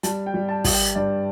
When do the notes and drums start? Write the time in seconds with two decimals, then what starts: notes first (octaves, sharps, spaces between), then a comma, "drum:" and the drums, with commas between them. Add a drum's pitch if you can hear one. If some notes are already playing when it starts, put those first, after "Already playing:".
0.03 G3 A5, drum: hi-hat
0.26 G5
0.34 G3
0.49 A5
0.64 G3, drum: kick, open hi-hat
0.73 G5
0.95 G2 D5